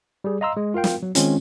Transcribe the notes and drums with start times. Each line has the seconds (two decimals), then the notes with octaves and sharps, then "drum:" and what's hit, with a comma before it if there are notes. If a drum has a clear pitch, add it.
0.24 G3 G#4
0.41 D#5 F5 A#5 C6 E6
0.57 G#3
0.74 F4 A#4 F5 G5
0.84 drum: snare
1.03 F#3
1.15 D#3 G#3 C4 C#4 F4, drum: hi-hat